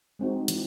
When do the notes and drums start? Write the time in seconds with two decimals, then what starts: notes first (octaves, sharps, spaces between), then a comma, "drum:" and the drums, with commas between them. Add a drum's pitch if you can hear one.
0.19 G#3 C4 D#4 F#4
0.48 E3, drum: hi-hat